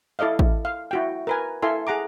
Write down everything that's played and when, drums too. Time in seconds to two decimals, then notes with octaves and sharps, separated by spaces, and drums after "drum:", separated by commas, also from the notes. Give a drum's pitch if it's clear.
0.19 E4 A4 D5 D#5 F5
0.39 drum: kick A1
0.65 F5
0.91 E4 F#4 G5
1.27 A#4 B4 G#5
1.63 E4 A4 E5 F5 G#5 C6
1.87 G#4 F#5 A#5 D6